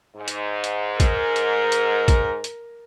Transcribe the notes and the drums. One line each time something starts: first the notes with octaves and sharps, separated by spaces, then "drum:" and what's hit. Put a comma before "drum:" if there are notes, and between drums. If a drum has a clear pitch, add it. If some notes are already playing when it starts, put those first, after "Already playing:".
G#2
drum: hi-hat
drum: hi-hat
A#4, drum: kick, hi-hat
drum: hi-hat
drum: hi-hat
drum: kick, hi-hat
drum: hi-hat